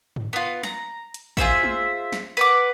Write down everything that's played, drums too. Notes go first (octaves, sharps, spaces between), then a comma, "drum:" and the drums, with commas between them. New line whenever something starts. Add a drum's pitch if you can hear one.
drum: tom G2
B3 F4
A#5, drum: snare
drum: hi-hat
F4 G#4 C5 E5, drum: kick A1
drum: tom G#3
drum: snare
B4 F#5 D6